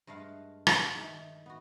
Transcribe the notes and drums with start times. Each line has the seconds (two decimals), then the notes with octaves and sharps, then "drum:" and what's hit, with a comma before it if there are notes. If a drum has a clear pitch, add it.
0.07 G2 G#3 A3 F5 F#5
0.67 drum: rim click
0.97 D#3 E5
1.46 B3 F#4